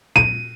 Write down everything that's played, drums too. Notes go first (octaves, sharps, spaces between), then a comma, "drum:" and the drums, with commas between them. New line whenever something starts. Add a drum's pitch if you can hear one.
D#7, drum: tom A#2